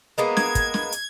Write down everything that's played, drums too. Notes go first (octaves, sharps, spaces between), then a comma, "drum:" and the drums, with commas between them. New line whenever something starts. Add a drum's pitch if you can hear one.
G#3 A#3 B3
G#6, drum: snare
drum: kick, hi-hat
drum: snare
drum: hi-hat